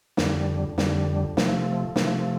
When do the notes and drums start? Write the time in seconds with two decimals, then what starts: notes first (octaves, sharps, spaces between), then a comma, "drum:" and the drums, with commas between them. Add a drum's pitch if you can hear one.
0.17 F2 D3 G3, drum: snare
0.78 F2 D3 G3, drum: snare
1.37 C3 F3 A3, drum: snare
1.96 C3 F3 A3, drum: snare